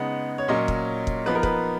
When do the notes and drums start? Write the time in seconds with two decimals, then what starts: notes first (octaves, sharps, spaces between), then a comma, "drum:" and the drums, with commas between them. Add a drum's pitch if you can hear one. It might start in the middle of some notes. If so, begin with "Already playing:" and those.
Already playing: C#3 G#3 B3 D#4 F#5
0.38 C#5
0.48 A#2 F#3 C#4 D#5
0.68 drum: kick
1.07 drum: kick
1.26 F3 B3 D#4 B4
1.35 A#4
1.43 B4, drum: kick